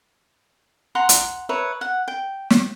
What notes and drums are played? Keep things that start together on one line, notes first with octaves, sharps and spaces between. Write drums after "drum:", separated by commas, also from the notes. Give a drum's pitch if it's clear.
F#5 A#5 C6
drum: hi-hat
B4 C#5 E5 A#5
F#5
G5
drum: snare